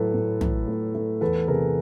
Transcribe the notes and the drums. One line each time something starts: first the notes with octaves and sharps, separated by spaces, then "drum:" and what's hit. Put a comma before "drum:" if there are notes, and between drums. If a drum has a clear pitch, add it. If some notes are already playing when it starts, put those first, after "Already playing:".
Already playing: A2 F#3 A4 B4
A2
A2, drum: tom
A3
A3
E2 A4 B4
C3 G#4 A#4